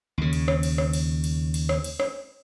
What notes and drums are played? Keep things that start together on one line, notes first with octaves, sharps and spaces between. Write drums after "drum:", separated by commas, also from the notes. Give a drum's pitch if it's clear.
D#2 C#3
drum: cymbal
drum: rim click
drum: cymbal
drum: rim click
drum: cymbal
drum: cymbal
drum: cymbal
drum: rim click
drum: cymbal
drum: rim click